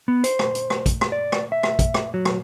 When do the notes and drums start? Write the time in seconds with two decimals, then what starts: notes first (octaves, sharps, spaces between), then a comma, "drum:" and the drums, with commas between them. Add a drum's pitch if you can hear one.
0.08 B3
0.24 C5, drum: hi-hat
0.39 drum: rim click
0.55 drum: hi-hat
0.70 drum: rim click
0.86 drum: kick, hi-hat
1.01 drum: rim click
1.12 D5
1.32 drum: rim click
1.52 E5
1.63 drum: rim click
1.79 drum: kick, hi-hat
1.94 drum: rim click
2.14 F#3
2.25 drum: rim click